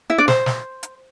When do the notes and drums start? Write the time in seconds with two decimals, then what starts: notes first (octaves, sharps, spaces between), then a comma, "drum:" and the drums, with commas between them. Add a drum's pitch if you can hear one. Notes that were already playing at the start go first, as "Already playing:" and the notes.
0.10 E4 E5
0.18 D4 D5
0.28 C5, drum: snare
0.46 drum: snare
0.83 drum: hi-hat